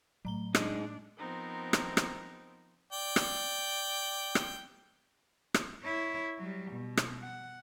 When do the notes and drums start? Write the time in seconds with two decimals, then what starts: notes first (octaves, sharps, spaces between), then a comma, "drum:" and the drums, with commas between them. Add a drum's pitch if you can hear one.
0.25 A2 F#3 A#5 G7
0.55 G#3 D4 D#4, drum: rim click
1.18 F3 B3 C4 D#4 A#4
1.73 drum: rim click
1.97 drum: rim click
2.93 D5 G5
3.16 drum: rim click
4.35 drum: rim click
5.54 drum: rim click
5.83 E4 C#5
6.38 F#3 G3
6.71 B2
6.97 drum: rim click
7.21 F#5